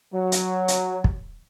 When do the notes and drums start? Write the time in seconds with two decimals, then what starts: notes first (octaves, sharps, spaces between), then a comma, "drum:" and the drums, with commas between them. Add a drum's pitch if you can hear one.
0.14 F#3
0.32 drum: hi-hat
0.68 drum: hi-hat
1.04 drum: kick